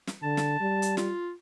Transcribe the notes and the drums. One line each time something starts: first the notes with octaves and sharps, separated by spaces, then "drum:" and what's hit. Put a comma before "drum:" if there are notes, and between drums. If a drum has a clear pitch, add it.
drum: snare
D3 A5
drum: snare
G3
drum: hi-hat
F4, drum: snare